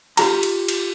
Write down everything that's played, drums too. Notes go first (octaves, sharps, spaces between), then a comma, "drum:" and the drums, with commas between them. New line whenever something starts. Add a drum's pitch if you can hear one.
F4 G4 A#5, drum: cymbal
drum: cymbal
drum: cymbal